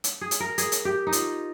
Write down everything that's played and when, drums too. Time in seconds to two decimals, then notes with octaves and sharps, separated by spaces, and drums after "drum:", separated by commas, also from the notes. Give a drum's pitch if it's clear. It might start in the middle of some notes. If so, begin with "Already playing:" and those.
0.04 drum: hi-hat
0.21 G#4
0.31 drum: hi-hat
0.40 A#4
0.58 G#4, drum: hi-hat
0.72 drum: hi-hat
0.85 G4
1.07 D#4
1.12 F4, drum: hi-hat